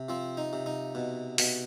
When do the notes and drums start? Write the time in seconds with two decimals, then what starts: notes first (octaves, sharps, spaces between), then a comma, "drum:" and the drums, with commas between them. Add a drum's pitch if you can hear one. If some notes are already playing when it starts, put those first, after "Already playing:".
Already playing: C3
0.09 F3 C4
0.37 D#4
0.53 C3
0.66 D#4
0.95 B2
1.38 B2, drum: open hi-hat